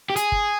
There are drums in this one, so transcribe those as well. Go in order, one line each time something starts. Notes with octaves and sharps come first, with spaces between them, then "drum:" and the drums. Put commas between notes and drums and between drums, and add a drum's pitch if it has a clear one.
G4
G#4, drum: hi-hat
drum: kick